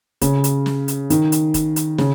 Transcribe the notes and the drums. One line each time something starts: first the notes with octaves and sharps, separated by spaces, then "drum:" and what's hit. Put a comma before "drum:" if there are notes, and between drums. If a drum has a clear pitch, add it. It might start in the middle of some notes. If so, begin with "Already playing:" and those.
C#3, drum: kick, hi-hat
drum: hi-hat
drum: snare
drum: hi-hat
D#3, drum: hi-hat
drum: hi-hat
drum: kick, hi-hat
drum: hi-hat
C#3, drum: snare